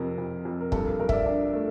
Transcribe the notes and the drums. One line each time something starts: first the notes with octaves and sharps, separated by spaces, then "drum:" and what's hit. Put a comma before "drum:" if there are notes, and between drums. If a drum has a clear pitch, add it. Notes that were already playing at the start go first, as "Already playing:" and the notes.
Already playing: F2 C3 A#4
F2
F2
A#4
G2 A4, drum: kick
A#4
G2 A#4
E5, drum: kick
D5
D4
A3